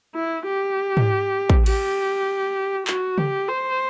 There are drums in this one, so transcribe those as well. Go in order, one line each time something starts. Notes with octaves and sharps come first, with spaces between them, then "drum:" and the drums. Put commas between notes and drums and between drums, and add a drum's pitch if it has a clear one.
E4
G4
drum: tom G#2
drum: kick
G4, drum: cymbal
F#4, drum: clap
G4, drum: tom C#3
C5